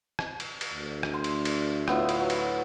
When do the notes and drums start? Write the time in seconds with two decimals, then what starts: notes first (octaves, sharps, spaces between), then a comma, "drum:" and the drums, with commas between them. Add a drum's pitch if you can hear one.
0.19 drum: rim click
0.40 drum: cymbal
0.61 drum: cymbal
0.73 D2
1.03 drum: rim click
1.14 C6
1.24 drum: cymbal
1.45 drum: cymbal
1.88 A2 B3 F4, drum: rim click
2.09 drum: cymbal
2.20 F#3
2.30 drum: cymbal